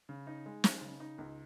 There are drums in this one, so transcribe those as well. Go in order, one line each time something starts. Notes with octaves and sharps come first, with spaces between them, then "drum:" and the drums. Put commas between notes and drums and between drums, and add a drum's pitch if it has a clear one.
C#3
D#4
G#3
D#4, drum: snare
C#3
D#4
C#2